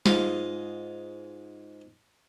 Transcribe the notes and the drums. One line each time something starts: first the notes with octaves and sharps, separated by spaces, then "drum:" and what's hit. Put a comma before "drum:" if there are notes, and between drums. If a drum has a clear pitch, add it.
G#2 F4 D#5 F5, drum: snare